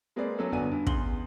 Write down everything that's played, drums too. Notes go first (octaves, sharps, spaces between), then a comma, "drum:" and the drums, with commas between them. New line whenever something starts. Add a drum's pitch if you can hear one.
G#3 A#3 C4 G#4 B4 D5
F#3 A3 B3 C#4 A4
G1 B3 F#4 D5 G#5 D#7
G2
E2 C#3 C6 F#7 G7, drum: kick